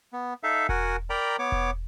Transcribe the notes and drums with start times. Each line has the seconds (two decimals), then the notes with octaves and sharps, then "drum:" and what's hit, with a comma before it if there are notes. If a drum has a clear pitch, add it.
0.13 B3
0.43 D#4 A4 E5 F5
0.69 F#4 A#4 F#5 G#5, drum: kick E1
1.10 A#4 D5 G5 A#5 B5
1.39 B3 C#5 D6
1.52 drum: kick E1